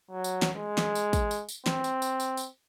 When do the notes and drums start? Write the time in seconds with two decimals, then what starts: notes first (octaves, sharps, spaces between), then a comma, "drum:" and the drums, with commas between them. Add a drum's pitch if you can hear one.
0.11 F#3
0.24 drum: tambourine
0.42 drum: snare
0.56 G#3
0.78 drum: snare
0.95 drum: tambourine
1.13 drum: kick, tambourine
1.31 drum: tambourine
1.49 drum: tambourine
1.66 C4, drum: snare
1.84 drum: tambourine
2.02 drum: tambourine
2.20 drum: tambourine
2.37 drum: tambourine